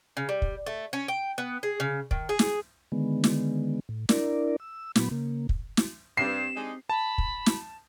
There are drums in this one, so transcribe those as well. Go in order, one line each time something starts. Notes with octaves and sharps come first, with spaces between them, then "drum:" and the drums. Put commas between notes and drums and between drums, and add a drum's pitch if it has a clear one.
C#3
G3
drum: kick
A3
C#4
G5
B3
G#4
C#3
D#3, drum: kick
G#4
drum: snare
D3 D#3 G#3 B3
drum: snare
A2
D4 E4 A#4 D5, drum: snare
E6
A#2 F#3 B3 B5, drum: snare
C#3 A#3
drum: kick
drum: snare
G2 C4 G4 C7 E7
G#3 D4 D#4
A5 B5
drum: kick
drum: snare